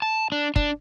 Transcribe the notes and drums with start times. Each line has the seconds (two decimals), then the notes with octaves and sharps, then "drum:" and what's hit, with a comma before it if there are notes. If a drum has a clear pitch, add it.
0.02 A5
0.32 D4
0.56 D4, drum: kick